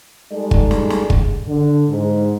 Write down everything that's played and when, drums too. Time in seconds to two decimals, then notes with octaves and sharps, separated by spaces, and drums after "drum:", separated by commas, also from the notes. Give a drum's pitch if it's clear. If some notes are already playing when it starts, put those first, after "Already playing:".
0.32 G3 G#3 D#4 G#4 A4 D5
0.51 drum: kick
0.71 drum: snare
0.90 drum: snare
1.10 drum: kick
1.47 D3
1.89 G#2